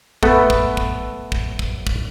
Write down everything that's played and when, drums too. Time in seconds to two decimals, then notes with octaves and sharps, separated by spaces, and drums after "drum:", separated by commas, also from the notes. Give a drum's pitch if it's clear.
0.23 A3 B3 A4 B4, drum: kick
0.50 drum: kick
0.77 drum: kick
1.32 drum: kick
1.59 drum: kick
1.87 drum: kick